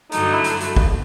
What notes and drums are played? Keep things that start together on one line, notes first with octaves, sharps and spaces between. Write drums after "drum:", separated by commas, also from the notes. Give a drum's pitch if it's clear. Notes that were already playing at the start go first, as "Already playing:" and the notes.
G2 D3 F#3 A3 D#4, drum: hi-hat
E4
drum: hi-hat
drum: hi-hat
drum: kick